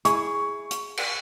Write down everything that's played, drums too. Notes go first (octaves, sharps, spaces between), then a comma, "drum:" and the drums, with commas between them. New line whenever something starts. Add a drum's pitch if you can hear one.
E4 G#4 E5 C#6, drum: hi-hat
drum: hi-hat
drum: cymbal